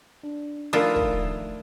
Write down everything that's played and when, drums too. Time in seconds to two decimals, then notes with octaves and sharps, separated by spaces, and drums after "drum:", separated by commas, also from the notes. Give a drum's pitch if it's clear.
0.23 D4
0.73 D#3 F3 A3 D4 E4 F4 A#4 D#6
0.96 drum: kick